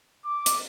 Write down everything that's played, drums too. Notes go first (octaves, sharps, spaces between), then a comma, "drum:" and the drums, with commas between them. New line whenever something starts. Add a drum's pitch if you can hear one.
D6
drum: hi-hat